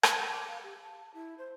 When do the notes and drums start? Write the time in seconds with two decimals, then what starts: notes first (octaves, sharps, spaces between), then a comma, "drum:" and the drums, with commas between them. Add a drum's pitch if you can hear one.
0.03 F5, drum: rim click
0.31 D6
0.48 F5
0.64 G4
0.81 A5
1.14 E4
1.38 C5